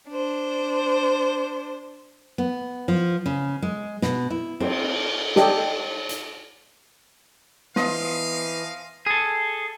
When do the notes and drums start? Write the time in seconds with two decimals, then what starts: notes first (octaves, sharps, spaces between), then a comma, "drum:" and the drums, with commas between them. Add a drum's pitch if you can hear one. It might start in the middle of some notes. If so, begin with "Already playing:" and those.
0.10 D4 C5
2.38 B3
2.88 F3
3.26 C#3
3.62 G#3
4.02 B2, drum: snare
4.30 E4
4.60 C4, drum: cymbal
5.36 G4 A4 D5 D#5, drum: snare
6.09 drum: hi-hat
7.76 E3 F3 B3 D#5 F5, drum: snare
9.06 G#4 A4